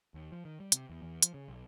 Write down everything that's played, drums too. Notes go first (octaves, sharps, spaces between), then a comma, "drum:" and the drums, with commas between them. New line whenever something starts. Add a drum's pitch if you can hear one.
D#2
F3
D#3
G3
C3, drum: hi-hat
E2
E2
F3, drum: hi-hat
C#3
B1